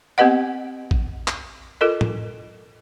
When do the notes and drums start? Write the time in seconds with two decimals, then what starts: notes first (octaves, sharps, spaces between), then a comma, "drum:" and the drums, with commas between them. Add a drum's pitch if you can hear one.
0.18 B3 C4 G4 B4 D#5 F#5
0.91 drum: kick A1
1.28 drum: clap
1.81 F4 A4 A#4 D#5
2.01 drum: tom A2